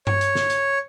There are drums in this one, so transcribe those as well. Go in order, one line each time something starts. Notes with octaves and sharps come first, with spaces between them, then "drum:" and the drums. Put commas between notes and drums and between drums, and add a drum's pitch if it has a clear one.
C#5, drum: tom G2
drum: hi-hat
drum: snare
drum: hi-hat